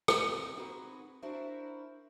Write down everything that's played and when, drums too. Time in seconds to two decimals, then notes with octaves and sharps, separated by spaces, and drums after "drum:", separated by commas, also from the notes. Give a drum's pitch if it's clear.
0.08 drum: rim click
0.18 C4 F4 A#4 D#5 G#5
0.56 C4 D#4 F#4 G#4 A#4 B4
1.22 D4 E4 F#4 A#4 C5 E5